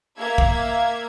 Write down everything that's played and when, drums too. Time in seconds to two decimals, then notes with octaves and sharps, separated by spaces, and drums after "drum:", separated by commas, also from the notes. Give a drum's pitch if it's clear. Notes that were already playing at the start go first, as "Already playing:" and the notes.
0.18 A#3 E5 G#6
0.38 drum: kick